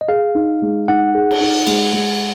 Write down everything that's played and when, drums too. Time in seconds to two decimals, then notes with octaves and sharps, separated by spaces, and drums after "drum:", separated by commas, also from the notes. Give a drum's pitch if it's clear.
0.01 D#5
0.08 G#4 F5
0.35 D#4
0.62 G#3
0.88 D#4 F#5
1.14 G#4
1.31 drum: cymbal
1.40 D#4
1.67 G#3, drum: cymbal
1.93 G#3